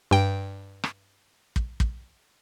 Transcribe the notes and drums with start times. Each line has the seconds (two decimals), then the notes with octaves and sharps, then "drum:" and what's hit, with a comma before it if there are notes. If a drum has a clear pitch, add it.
0.11 G2 G5
0.84 drum: rim click
1.56 drum: kick
1.80 drum: kick